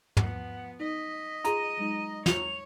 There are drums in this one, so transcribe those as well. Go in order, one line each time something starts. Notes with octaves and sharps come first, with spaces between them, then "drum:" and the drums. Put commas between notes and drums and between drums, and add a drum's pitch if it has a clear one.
F3 B3 F#5, drum: tom
D#4 D#5 B6
F4 G#4 A#5 C6 D#7, drum: hi-hat
F#3 G#3 D#4
C#5 F7, drum: snare